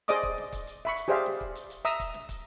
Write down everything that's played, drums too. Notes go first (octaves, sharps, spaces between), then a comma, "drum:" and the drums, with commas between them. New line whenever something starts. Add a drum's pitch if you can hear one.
G#4 C5 D5 D#5 D6 D#6, drum: hi-hat
drum: kick
drum: snare
drum: kick, hi-hat
drum: hi-hat
E5 B5 C#6
drum: hi-hat
G4 G#4 C5 D5 E5 F5
drum: snare
drum: kick
drum: hi-hat
drum: hi-hat
E5 A#5 D#6 E6, drum: hi-hat
drum: kick, hi-hat
drum: snare
drum: kick, hi-hat